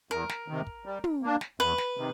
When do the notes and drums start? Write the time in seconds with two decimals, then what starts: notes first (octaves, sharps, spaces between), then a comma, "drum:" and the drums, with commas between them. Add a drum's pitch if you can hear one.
0.11 E2 A#4
0.29 drum: snare
0.48 C3 D#3
0.67 drum: kick
0.86 G3
1.04 drum: tom
1.23 A#3 D4
1.41 drum: snare
1.60 E2 B4
1.78 drum: snare
1.97 C3 D#3